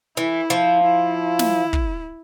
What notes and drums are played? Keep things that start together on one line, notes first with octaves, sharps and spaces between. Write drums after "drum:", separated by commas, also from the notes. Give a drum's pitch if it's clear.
E3 E4
F3
E4
drum: snare
drum: kick